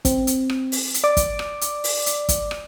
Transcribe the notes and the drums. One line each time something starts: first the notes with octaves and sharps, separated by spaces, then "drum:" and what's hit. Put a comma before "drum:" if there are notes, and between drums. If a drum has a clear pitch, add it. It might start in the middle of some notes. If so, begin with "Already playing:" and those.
C4, drum: kick, hi-hat
drum: hi-hat
drum: rim click
drum: open hi-hat
drum: hi-hat
D5 D6
drum: kick, hi-hat
drum: rim click
drum: hi-hat
drum: open hi-hat
drum: hi-hat
drum: kick, hi-hat
drum: rim click